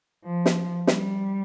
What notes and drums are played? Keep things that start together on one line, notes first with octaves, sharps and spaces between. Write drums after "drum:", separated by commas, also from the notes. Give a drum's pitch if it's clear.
F3
drum: snare
G3, drum: snare